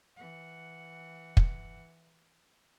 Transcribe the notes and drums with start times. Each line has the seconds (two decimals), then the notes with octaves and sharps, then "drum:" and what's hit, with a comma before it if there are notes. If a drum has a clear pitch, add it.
0.16 E3 F#5
1.37 drum: kick